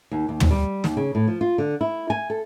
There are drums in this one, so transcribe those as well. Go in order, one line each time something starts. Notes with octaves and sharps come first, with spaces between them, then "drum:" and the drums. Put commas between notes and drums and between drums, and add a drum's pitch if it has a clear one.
D#2
D#2
drum: tom
G3
D#2, drum: snare
C#3
A2
F3
F4
D3
E4
G#5
A4